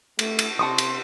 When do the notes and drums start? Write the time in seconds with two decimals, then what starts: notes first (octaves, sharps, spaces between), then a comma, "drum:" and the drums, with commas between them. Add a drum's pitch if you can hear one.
0.19 A3, drum: cymbal
0.39 drum: cymbal
0.59 C3 A5 C6 C#6 D#6
0.78 drum: cymbal